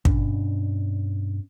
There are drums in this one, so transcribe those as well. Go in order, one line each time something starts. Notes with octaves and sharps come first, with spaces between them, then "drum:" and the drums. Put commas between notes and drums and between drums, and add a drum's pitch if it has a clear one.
G2 B2 C#4 D4, drum: kick